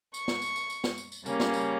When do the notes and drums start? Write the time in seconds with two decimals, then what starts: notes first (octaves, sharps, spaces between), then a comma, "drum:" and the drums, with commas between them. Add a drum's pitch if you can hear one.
0.14 C#6, drum: tambourine
0.28 drum: snare
0.42 drum: tambourine
0.56 drum: tambourine
0.70 drum: tambourine
0.84 drum: snare
0.98 drum: tambourine
1.12 drum: tambourine
1.26 C#3 G3 A#3 C#4, drum: tambourine
1.40 drum: snare
1.54 drum: tambourine